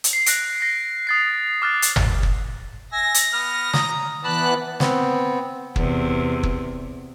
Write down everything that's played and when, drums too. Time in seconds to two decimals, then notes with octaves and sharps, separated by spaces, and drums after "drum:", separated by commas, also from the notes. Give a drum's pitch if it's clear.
0.04 drum: hi-hat
0.13 C7
0.26 F#6 A#6 D7, drum: hi-hat
0.61 A#6 C7
1.07 D#6 A6 C7
1.62 D6 F6 F#6 A6
1.82 drum: hi-hat
1.96 drum: tom G1
2.23 drum: kick
2.92 E5 G#5 A#6
3.14 drum: hi-hat
3.33 B3 F6
3.73 A#5 D#6, drum: snare
4.24 E3 B3 D5 A5 B5 F#6
4.80 B3 C4, drum: snare
5.76 E2 C3, drum: kick
6.43 drum: kick